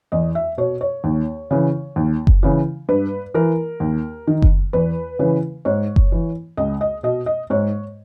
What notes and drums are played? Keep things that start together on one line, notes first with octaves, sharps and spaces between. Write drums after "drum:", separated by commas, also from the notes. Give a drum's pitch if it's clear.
E2 D#5
E5
B2 C#5
C#5
D#2
C#3 E3
D#2
drum: kick F#1
C#3 E3
G2 B4
E3 A#4
D#2
D#3
drum: kick F#1
E2 B4
C#3 E3
G#2 C#5
drum: kick F#1
E3
C#2 D#5
D#5
B2 D#5
D#5
G#2 C#5